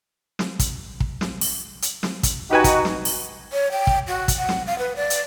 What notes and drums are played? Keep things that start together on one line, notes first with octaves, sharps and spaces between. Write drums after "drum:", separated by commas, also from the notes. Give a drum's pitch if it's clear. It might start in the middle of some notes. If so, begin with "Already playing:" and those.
drum: snare
drum: kick, hi-hat
drum: kick
drum: snare
drum: open hi-hat
drum: hi-hat
drum: snare
drum: kick, hi-hat
D#4 F#4 G4 B4 G#5
drum: kick, hi-hat
drum: snare
drum: open hi-hat
C#5
G5
drum: kick
F#4
drum: kick, hi-hat
F#5
drum: snare
F5
B4
D5
drum: hi-hat